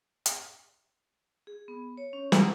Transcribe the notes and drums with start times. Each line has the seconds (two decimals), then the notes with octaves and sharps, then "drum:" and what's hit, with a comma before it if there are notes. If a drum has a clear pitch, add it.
0.26 drum: hi-hat
1.47 G#4
1.68 B3
1.97 C#5
2.13 C#4
2.32 F#5, drum: snare